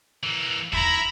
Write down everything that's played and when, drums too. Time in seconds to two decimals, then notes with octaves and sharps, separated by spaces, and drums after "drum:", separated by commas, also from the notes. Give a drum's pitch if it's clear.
0.23 E3 A#3
0.73 E4 A#5 B5, drum: kick